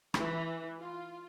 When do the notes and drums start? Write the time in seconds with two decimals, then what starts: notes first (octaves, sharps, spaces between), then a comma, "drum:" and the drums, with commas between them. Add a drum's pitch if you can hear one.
0.14 E3, drum: rim click
0.79 F4